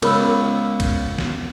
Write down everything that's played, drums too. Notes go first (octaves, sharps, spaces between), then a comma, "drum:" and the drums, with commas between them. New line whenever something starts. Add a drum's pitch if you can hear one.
C#2 B3 A#4 B5 E6, drum: cymbal
drum: kick, cymbal
drum: snare